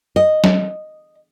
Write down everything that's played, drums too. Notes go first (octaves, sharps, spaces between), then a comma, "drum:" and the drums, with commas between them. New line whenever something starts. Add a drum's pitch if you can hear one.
D#5
drum: snare F#3